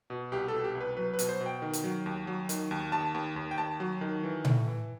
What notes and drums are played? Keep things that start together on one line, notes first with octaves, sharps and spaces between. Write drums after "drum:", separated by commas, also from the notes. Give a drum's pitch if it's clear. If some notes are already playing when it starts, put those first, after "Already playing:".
B2
C2 G4
B2 A4
G4
C2
B4
F#3 B4
B4
B2, drum: hi-hat
C5
B2
G5
D#3
drum: hi-hat
F#3
D#2
F#3
D#3, drum: hi-hat
D#2
D#2 A5
D#2
D#2
G5
D#2 A5
F#3
D#3
E3
A2, drum: tom A#2
E3